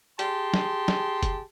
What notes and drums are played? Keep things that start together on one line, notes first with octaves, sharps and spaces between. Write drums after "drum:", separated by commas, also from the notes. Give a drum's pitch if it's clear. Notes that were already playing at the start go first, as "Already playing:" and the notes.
G4 G#4 A5 C6, drum: hi-hat
drum: snare
drum: snare
drum: kick F#1, hi-hat